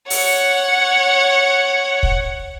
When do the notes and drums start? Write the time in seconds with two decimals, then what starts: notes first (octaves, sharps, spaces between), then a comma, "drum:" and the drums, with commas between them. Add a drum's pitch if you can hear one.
0.10 C#5 F#5, drum: open hi-hat
2.03 drum: kick